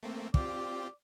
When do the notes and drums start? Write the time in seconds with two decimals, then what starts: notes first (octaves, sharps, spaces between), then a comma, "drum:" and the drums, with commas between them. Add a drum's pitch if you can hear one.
0.03 A3 A#3 C4
0.34 C4 F4 G4 D5, drum: kick